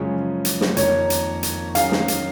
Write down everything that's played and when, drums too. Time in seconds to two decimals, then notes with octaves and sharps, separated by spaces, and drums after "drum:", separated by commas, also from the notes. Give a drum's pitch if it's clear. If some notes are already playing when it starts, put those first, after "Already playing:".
Already playing: F#2 C#3 F3 G#3 C#4
0.45 drum: hi-hat
0.61 drum: snare
0.77 F2 D#3 A#3 C#5, drum: hi-hat
1.10 drum: hi-hat
1.43 drum: hi-hat
1.75 D#3 F#3 C#4 G#4 F5, drum: hi-hat
1.92 drum: snare
2.08 drum: hi-hat